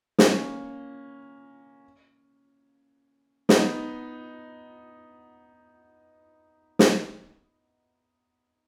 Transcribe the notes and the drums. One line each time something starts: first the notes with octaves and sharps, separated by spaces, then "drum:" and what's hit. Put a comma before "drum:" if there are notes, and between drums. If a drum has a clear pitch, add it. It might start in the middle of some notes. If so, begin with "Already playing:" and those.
A#3 C#4, drum: snare
B3 D#4, drum: snare
drum: snare